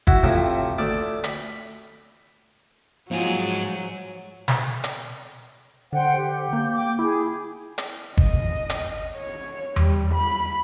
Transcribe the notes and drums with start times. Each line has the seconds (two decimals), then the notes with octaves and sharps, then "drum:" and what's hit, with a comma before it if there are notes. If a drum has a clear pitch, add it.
0.07 E4 F#4, drum: kick
0.23 A2 C3 F3
0.78 D2 A3 D5
1.24 B5, drum: hi-hat
3.11 G#2 F3 F#3 G#4
4.48 drum: snare
4.84 drum: hi-hat
5.93 D3 C5 F#5 G5
6.17 G4
6.53 A#3 G6
6.73 G5 D6
6.99 E4 G#4
7.78 drum: hi-hat
8.17 D#5, drum: kick
8.70 drum: hi-hat
9.16 C#5
9.76 G3, drum: tom E2
10.15 B5